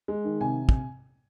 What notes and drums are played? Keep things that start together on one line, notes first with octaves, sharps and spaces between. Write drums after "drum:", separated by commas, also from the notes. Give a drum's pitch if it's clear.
G#3
D#3
C3 G#5
drum: kick